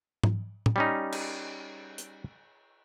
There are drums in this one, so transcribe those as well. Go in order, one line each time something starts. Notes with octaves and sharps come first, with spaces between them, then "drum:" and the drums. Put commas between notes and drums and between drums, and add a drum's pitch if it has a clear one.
drum: tom G#2
drum: tom A2
G3 C#4 D#4
drum: cymbal
drum: hi-hat